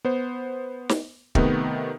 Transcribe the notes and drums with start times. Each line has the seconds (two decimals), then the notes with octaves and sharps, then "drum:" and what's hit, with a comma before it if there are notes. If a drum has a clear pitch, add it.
0.05 B3 C5
0.89 drum: snare
1.35 C3 D#3 A3 B3, drum: kick